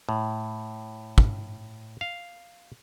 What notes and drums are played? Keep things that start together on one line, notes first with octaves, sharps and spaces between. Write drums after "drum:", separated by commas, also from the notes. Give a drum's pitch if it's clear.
A2
drum: kick
F5